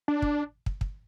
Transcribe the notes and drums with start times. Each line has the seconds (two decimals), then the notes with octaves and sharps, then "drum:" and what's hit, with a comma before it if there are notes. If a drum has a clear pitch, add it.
0.08 D4
0.22 drum: kick
0.66 drum: kick
0.81 drum: kick